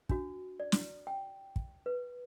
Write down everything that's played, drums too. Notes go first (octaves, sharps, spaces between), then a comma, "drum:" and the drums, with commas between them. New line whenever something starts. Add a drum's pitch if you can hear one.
D4 F#4, drum: kick
D5
drum: snare
G5
drum: kick
B4